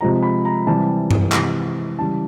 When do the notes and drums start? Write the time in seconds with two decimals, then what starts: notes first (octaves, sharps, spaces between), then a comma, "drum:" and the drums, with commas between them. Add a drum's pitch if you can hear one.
0.01 C3 F3 G#3 A#5
0.22 B5
0.45 A#5
0.67 C3 E3 G3 A5
1.11 drum: tom G2
1.32 C3 E3 G#3, drum: clap
1.99 C#3 E3 G3 A5